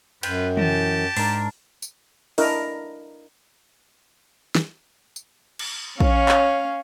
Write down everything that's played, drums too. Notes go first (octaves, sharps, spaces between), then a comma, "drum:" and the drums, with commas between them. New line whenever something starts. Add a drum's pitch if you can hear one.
F#2 F4 B4 G5, drum: cymbal
E3 G4 A5, drum: tom
G#2 D4 A#4, drum: open hi-hat
drum: tambourine
D4 E4 A#4 D#5, drum: open hi-hat
drum: snare
drum: tambourine
drum: cymbal
C#4 C#5 F5, drum: kick
drum: clap